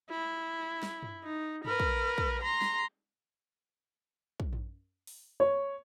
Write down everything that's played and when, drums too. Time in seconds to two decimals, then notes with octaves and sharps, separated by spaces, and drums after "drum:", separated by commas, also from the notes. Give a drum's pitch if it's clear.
0.11 E4
0.83 drum: snare
1.03 drum: tom
1.24 D#4
1.65 A#4 B4, drum: tom
1.80 drum: kick
2.18 drum: kick
2.42 A#5 C6
2.61 drum: snare
4.40 drum: kick
4.53 drum: tom
5.07 drum: open hi-hat
5.40 C#5